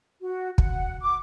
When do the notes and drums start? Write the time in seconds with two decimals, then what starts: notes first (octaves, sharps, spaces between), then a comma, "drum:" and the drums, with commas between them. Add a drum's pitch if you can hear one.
0.22 F#4
0.58 F#5, drum: kick
1.00 D6